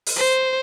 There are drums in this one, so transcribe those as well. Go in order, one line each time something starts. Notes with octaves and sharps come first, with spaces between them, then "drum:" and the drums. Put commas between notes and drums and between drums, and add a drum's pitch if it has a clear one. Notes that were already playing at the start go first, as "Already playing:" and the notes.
drum: open hi-hat
C5